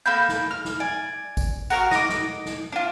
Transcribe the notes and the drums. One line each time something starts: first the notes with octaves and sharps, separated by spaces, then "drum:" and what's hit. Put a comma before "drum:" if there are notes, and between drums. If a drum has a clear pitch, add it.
A#3 A4 B5 G6
drum: snare
F6
drum: snare
D5 G#5
drum: kick G#1, tambourine
F#4 A#4 F5 F6, drum: tambourine
D#5 D6, drum: snare
drum: snare
drum: snare
D4 F4